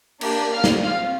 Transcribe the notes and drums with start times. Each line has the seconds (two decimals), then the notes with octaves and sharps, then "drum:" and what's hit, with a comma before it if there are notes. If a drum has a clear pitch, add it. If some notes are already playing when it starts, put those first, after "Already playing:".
0.21 A#3 D4 G4, drum: cymbal
0.52 F5 F6
0.64 drum: snare
0.83 C4 F4 F5 F6